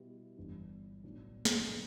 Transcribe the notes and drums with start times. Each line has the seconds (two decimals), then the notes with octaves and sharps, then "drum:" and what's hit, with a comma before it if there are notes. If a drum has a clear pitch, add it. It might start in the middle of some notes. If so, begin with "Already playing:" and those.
Already playing: B2 G3 B3 E4 G4
0.37 G1 G2 E3 B3 D4
1.04 B1 A2 F#3 B3 D4
1.45 drum: snare
1.70 D3 G3 B3